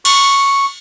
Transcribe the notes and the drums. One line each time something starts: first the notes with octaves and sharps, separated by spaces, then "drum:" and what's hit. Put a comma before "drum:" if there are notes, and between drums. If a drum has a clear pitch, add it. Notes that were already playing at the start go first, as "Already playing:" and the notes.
C#6, drum: cymbal